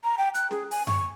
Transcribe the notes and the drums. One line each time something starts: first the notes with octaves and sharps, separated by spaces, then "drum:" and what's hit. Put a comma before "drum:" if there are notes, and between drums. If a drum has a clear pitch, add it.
A#5
G5
F#6, drum: hi-hat
G#4, drum: snare
G#5, drum: open hi-hat
C#6, drum: tom F#2